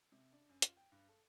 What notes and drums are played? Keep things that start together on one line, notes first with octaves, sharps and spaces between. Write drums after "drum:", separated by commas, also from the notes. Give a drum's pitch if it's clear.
C3
D4
F#2
F4, drum: hi-hat
G5
G2
A4